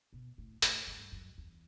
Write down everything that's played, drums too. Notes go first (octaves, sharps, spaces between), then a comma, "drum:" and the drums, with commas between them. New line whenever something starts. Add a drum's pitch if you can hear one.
B2
A2
A2, drum: hi-hat
G2
F#2
E2